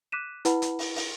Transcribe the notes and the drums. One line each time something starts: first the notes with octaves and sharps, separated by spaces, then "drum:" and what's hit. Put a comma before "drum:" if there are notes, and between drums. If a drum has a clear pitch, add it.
D6 F#6 B6 D#7 E7
E4 B4 F#5 B5, drum: hi-hat
drum: hi-hat
drum: open hi-hat
drum: open hi-hat